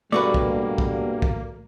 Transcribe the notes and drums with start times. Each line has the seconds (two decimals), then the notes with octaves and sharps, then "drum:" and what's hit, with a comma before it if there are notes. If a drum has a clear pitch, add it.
0.12 G2 B2 G3 A3 A#3 F#4 B4 D5
0.34 drum: kick
0.78 drum: kick
1.22 drum: kick